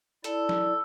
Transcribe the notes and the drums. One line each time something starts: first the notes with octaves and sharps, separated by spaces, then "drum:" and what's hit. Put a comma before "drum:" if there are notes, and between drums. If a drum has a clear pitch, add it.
E4 A4 D5, drum: hi-hat
drum: snare